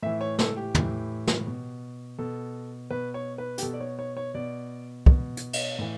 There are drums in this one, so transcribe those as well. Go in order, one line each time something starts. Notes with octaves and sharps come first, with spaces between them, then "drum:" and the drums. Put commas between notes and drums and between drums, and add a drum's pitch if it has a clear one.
A2 E3 E5
C#5
A4, drum: snare
G4
A2 E3, drum: tom
drum: snare
B2
B2 A4
B2 B4
C#5
B4
G4, drum: hi-hat
B2 A4
D5
C#5
C#5
C#5
B2 D5
B2, drum: kick
drum: hi-hat
drum: cymbal
A2 E3